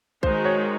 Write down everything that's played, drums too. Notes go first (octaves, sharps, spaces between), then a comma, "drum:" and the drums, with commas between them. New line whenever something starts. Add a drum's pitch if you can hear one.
D#3 G#3 D#4 F#4 C5, drum: kick A#1
C#5